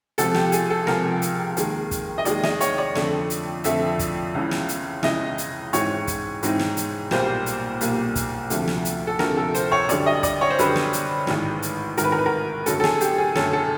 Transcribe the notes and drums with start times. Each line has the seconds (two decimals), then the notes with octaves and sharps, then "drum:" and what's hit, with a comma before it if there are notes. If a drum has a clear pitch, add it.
0.18 C#2 C3 F3 A4, drum: hi-hat
0.34 G4, drum: snare
0.52 G#4, drum: hi-hat
0.70 A4
0.87 C#2 C3 F3 A#4, drum: snare
1.22 drum: hi-hat
1.57 D#2 D#3 G#3, drum: hi-hat
1.91 drum: kick, hi-hat
2.18 D#5
2.25 D#2 D#3 G#3 D5, drum: hi-hat
2.43 D#5, drum: snare
2.61 C#5, drum: hi-hat
2.78 D5
2.95 F2 D3 F3 A3, drum: snare
3.30 drum: hi-hat
3.64 F2 D3 F3 A3 E5, drum: hi-hat
3.99 drum: kick, hi-hat
4.34 C#2 C#3 E3
4.51 drum: snare
4.69 drum: hi-hat
5.03 C#2 C#3 E3 D#5, drum: snare
5.38 drum: hi-hat
5.73 G#2 E3 G#3 C4 D#4 C#5, drum: hi-hat
6.07 drum: kick, hi-hat
6.43 G#2 E3 G#3 C4 D#4, drum: hi-hat
6.59 drum: snare
6.77 drum: hi-hat
7.11 B1 A#2 G3 A#3 C5, drum: snare
7.46 drum: hi-hat
7.81 B1 A#2 G3 A#3, drum: hi-hat
8.15 drum: kick, hi-hat
8.50 D2 C3 F3 A3 D4, drum: hi-hat
8.68 drum: snare
8.85 drum: hi-hat
9.07 A4
9.19 D2 C3 F3 A3 D4 A#4, drum: snare
9.37 A4
9.54 C5, drum: hi-hat
9.72 C#5
9.89 F#2 D3 G3 D5, drum: hi-hat
10.06 D#5
10.23 D5, drum: kick, hi-hat
10.41 C#5
10.50 C5
10.59 F#2 D3 G3 B4, drum: hi-hat
10.76 drum: snare
10.93 drum: hi-hat
11.27 A1 G#2 D#3, drum: snare
11.62 drum: hi-hat
11.97 A1 G#2 D#3 A#4, drum: hi-hat
12.04 B4
12.12 A#4
12.18 B4
12.26 A#4
12.66 F#2 D3 F#3 A3 A4, drum: hi-hat
12.80 A4
12.84 G#4, drum: snare
13.01 G4, drum: hi-hat
13.18 G#4
13.35 F#2 D3 F#3 A3 A4, drum: snare
13.53 A4